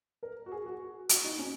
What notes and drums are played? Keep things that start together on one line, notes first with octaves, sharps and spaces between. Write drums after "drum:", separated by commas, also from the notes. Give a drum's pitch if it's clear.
A#4
F#4
G#4
F#4
F#4, drum: hi-hat
D#4
C#4